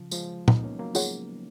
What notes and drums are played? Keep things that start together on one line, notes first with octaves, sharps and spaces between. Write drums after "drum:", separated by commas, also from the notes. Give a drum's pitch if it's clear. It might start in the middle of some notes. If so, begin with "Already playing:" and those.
Already playing: C#3 F3
F3 G#3, drum: tambourine
B3 D#4, drum: tom
A#3 C#4
F#3 A#3
F4 G#4 C#5 F#5, drum: tambourine